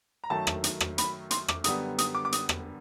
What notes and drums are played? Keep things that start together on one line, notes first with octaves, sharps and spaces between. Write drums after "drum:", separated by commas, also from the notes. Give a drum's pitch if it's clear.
A#5
F#2 D#3 F#3 A3 A5
drum: rim click
drum: hi-hat
drum: rim click
B5, drum: hi-hat
C6, drum: hi-hat
D6, drum: rim click
F#2 D3 G3 B3 D#6, drum: hi-hat
D#6, drum: hi-hat
D6
D6
D#6, drum: hi-hat
drum: rim click